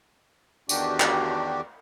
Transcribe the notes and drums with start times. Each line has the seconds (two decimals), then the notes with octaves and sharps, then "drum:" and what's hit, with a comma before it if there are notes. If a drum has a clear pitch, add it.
0.69 E2 D#3 D4 F#4 G4, drum: tambourine
1.00 drum: clap